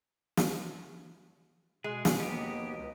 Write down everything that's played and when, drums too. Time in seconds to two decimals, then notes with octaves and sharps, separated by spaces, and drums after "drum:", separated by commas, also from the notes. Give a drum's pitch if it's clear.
0.37 drum: snare
1.84 B2 G#3 G#4
2.05 drum: snare
2.20 D#2 B2 A#3 B3 G4 D#5
2.77 C#2